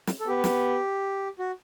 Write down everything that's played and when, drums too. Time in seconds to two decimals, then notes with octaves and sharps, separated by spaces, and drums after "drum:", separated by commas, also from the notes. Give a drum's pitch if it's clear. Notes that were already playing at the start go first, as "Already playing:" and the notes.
0.07 drum: snare
0.20 A4
0.27 B3 G4
0.44 drum: snare
1.39 F#4